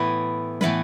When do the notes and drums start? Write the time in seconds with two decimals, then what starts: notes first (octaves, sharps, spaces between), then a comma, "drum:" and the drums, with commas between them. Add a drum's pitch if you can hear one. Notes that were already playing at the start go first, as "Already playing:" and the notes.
Already playing: A2 E3 B3 E4 B4
0.61 A2 E3 B3 E4 B4, drum: tom